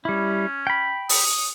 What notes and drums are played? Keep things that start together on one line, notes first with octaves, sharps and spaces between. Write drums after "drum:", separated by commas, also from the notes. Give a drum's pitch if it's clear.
G3 C#4 E4
G5 B5
D#6, drum: open hi-hat